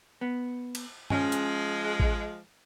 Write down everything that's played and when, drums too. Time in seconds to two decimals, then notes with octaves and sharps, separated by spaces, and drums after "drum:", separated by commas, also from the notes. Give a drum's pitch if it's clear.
0.21 B3
0.75 drum: cymbal
1.10 F3 G#3 C#4 G#5, drum: tom G2
1.32 drum: hi-hat
2.00 drum: kick A1